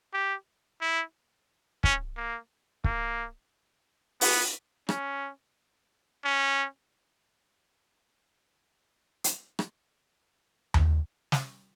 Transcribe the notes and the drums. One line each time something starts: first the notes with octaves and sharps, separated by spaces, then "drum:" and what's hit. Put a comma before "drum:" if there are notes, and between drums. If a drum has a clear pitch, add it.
G4
E4
C#4, drum: kick
A#3
A#3, drum: kick
B3, drum: open hi-hat
C#4, drum: rim click
C#4
drum: hi-hat
drum: rim click
drum: tom D#2
drum: snare